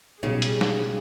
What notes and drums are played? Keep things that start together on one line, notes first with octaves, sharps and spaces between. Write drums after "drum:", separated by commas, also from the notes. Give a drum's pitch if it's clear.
B1 C#3 G3 G#4
drum: hi-hat
drum: snare